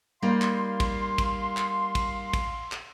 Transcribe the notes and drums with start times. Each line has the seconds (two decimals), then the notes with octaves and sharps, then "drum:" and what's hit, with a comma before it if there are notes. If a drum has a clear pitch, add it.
0.22 G3 A#3 D#4 F5 C6
0.42 drum: clap
0.80 drum: kick, cymbal
1.18 drum: kick, cymbal
1.57 drum: clap
1.95 drum: kick, cymbal
2.33 drum: kick, cymbal
2.72 drum: clap